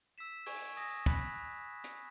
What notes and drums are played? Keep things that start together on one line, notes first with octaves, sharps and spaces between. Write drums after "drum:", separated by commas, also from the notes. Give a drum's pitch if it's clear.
E6 B6 E7
G#5 C#6 G#6, drum: open hi-hat
G#5 D#6 A#6
G#5 B5 F#6 B6, drum: kick
drum: hi-hat